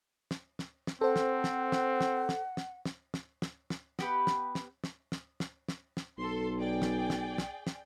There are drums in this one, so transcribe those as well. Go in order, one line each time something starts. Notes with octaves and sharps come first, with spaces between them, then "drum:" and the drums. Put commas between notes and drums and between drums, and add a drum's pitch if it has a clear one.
drum: snare
drum: snare
drum: snare
C4 A4 C5 F#5
drum: snare
drum: snare
drum: snare
drum: snare
drum: snare
drum: snare
drum: snare
drum: snare
drum: snare
drum: snare
B3 G4 B4, drum: snare
drum: snare
drum: snare
drum: snare
drum: snare
drum: snare
drum: snare
drum: snare
B1 A4 C6
G#4 D5 G5
drum: snare
drum: snare
drum: snare
drum: snare